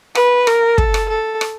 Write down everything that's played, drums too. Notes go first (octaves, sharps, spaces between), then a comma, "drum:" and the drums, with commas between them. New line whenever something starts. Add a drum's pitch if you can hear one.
B4, drum: rim click
A#4, drum: rim click
A4, drum: kick
drum: rim click
A4
drum: rim click